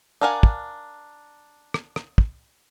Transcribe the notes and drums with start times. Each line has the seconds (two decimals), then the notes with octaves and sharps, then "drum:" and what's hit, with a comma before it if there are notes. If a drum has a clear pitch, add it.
0.21 D4 A#4 F5 F#5 G#5
0.43 drum: kick
1.74 drum: rim click
1.96 drum: rim click
2.18 drum: kick